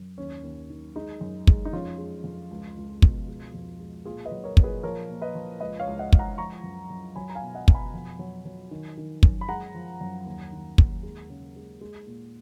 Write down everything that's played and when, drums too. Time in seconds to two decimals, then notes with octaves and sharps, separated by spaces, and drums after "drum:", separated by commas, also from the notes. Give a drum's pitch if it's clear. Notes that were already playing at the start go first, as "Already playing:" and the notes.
Already playing: F#2
0.17 D#2 C#4
0.43 D#2
0.70 D#3
0.96 G#3 D#4
1.21 F#2
1.47 G#3, drum: kick
1.65 D#4
1.73 F2 C#4 F4
1.98 G#3
2.24 F2
2.51 C#2
2.77 C#2
3.02 B2, drum: kick
3.28 G#3
3.54 F2
3.80 G#3
4.05 A#2 F4 G#4
4.25 B4 D#5
4.31 F#3
4.44 A#4 C#5
4.57 A#2, drum: kick
4.64 G#4 B4
4.83 F3 A#4 C#5
5.09 A#2
5.22 B4 D#5
5.35 F3
5.60 C#2 B4 D#5
5.80 C#5 F5
5.87 C#2
5.99 D#5 F#5
6.13 C#2, drum: kick
6.19 F#5 A#5
6.38 F3 A#5 C#6
6.64 F#2
6.90 F#2
7.16 F#3 G#5 B5
7.30 A#5
7.35 F5 G#5
7.42 B2
7.55 D#5 F#5
7.68 B2, drum: kick
7.74 G#5 B5
7.94 F2
8.19 F#3
8.45 F#3
8.71 D#3
8.97 D#3
9.23 F#2, drum: kick
9.41 B5
9.49 G#3 F#5 A#5
9.74 F3
10.01 F#2
10.26 D#2
10.52 D#3
10.78 D#2, drum: kick
11.03 G#3
11.30 C#3
11.56 G#3
11.81 G#3
12.07 A#2